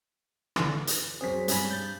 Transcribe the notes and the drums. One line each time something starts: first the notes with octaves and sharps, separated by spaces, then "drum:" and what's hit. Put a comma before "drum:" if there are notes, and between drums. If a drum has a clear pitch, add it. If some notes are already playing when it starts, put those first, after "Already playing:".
D3 E3 B4, drum: rim click
drum: hi-hat
F#3 C4 G#4 B6
G2 C#5 G#5 B5, drum: hi-hat
G6 A6